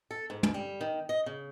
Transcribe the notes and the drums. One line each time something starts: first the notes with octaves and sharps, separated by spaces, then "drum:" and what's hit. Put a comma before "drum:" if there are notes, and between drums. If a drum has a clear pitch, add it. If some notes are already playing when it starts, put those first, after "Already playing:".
A4
G#2
drum: tom
G3
D#3
D#5
C#3